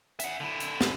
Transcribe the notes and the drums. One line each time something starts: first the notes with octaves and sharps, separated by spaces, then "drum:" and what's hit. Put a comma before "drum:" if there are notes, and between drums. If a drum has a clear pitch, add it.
E5 F#5, drum: hi-hat
D3 E4
drum: hi-hat
drum: snare